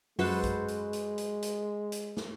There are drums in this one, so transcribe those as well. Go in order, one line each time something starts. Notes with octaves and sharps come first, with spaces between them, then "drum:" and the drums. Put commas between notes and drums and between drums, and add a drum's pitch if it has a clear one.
F#2 G#3 F#4 A4 B4 C5, drum: open hi-hat
drum: kick A#1, hi-hat
drum: hi-hat
drum: hi-hat
drum: hi-hat
drum: hi-hat
drum: hi-hat
drum: snare